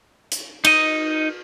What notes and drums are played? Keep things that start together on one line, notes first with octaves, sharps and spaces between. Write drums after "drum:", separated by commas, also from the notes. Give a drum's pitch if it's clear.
drum: hi-hat
D#4 D#5, drum: cymbal